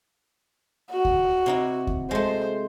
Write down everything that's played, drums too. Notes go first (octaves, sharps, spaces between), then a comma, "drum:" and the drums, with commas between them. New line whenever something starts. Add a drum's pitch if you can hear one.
F#4
drum: kick D2
C3 D#4 E4
drum: kick D2
G#3 A3 C5